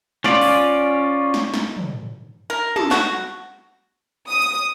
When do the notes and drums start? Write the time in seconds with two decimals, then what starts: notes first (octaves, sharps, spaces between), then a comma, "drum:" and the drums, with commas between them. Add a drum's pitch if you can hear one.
0.24 C#4 F4 D5, drum: snare
0.41 drum: open hi-hat
1.34 drum: snare
1.54 drum: snare
1.77 drum: tom
2.50 A#4
2.76 A4, drum: tom
2.91 F#4, drum: clap
4.29 D#6
4.42 drum: hi-hat